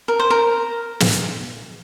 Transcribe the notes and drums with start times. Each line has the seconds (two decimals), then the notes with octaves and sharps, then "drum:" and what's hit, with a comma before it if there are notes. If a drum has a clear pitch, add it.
0.08 A#4
0.19 C5
0.30 A#4
1.00 drum: snare